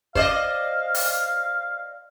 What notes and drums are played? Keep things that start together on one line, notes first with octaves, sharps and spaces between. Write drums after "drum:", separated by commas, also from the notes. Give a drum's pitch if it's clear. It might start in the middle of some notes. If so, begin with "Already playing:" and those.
C5 D5 D#5 F5, drum: kick
drum: open hi-hat